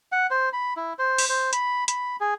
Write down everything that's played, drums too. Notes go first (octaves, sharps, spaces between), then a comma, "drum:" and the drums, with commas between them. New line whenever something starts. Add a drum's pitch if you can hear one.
F#5
C5
B5
E4
C5
drum: open hi-hat
C5
B5, drum: hi-hat
B5, drum: hi-hat
G#4